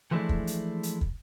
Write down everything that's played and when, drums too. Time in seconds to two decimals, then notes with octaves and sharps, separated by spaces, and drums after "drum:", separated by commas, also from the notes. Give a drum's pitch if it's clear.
0.11 E3 F3 G#3 A3 D4 E4
0.29 drum: kick
0.47 drum: hi-hat
0.83 drum: hi-hat
1.01 drum: kick